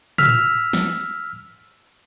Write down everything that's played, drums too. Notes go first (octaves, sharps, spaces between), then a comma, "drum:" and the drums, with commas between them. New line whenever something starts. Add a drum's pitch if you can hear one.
E6 F6 B6, drum: tom
drum: snare